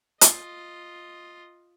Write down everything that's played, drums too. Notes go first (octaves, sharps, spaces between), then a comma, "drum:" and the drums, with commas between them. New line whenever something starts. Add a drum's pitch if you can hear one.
F4 D#5, drum: hi-hat